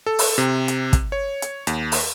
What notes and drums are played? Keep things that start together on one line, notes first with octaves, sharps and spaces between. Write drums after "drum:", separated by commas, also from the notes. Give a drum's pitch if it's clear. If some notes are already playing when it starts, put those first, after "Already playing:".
A4
drum: open hi-hat
C3
drum: hi-hat
drum: kick, hi-hat
C#5
drum: hi-hat
D#2, drum: hi-hat
drum: open hi-hat